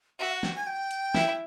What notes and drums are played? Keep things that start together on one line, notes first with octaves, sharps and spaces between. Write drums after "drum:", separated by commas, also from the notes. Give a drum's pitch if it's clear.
F#4 E5
F#5
G5, drum: snare
G#5
G5
drum: hi-hat
E4, drum: snare